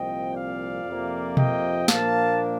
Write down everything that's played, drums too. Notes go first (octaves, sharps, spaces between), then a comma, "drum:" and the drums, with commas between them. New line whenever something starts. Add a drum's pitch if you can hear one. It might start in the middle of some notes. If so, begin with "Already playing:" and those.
Already playing: C2 A#2 F3 C4 D#5 G5
D5 F5
F2 C3 F3 A#3
D#5 G5, drum: tom B2
A#2 F3 A#3 D4 F5 A5, drum: snare